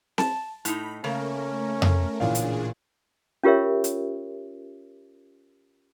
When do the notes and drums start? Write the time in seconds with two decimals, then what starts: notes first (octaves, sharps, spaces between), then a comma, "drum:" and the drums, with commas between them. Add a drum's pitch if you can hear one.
0.18 A5, drum: snare C4
0.65 A2 D#4 B5, drum: hi-hat
1.04 C#3 A3 A#3 C#4 A#4
1.82 drum: tom F2
2.20 A1 A#2 C#3 D4 G#4 F5
2.35 drum: hi-hat
3.44 C#4 F4 G4 A#4 C#5 E5
3.84 drum: hi-hat